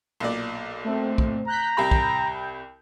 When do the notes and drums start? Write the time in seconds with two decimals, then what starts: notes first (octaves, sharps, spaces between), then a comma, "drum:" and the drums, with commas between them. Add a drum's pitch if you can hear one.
0.20 B1 A#2 D5
0.84 A3 C4
1.18 drum: kick
1.48 A#5 F#6 G6 B6
1.77 C2 G4 G5 B5 G6
1.91 drum: kick